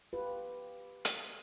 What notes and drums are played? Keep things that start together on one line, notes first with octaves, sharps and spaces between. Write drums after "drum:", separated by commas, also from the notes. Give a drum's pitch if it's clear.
F4 G4 B4
drum: hi-hat